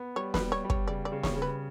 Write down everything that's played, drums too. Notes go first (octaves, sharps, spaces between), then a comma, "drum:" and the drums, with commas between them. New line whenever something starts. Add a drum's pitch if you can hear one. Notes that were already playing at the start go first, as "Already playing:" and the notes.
Already playing: B3
G3 C#5
B4, drum: snare
G3
C#5
G3
C#5, drum: kick
C#3 D5
D5
C#3
C#5, drum: snare
C#3
B4